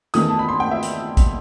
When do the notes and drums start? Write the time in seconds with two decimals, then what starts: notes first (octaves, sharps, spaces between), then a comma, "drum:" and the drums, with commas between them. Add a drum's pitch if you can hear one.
0.14 E2 D#3 A3 D#6, drum: hi-hat
0.29 A5
0.39 B5
0.49 C6
0.60 G5
0.71 E5
0.83 drum: hi-hat
1.17 drum: kick A1, hi-hat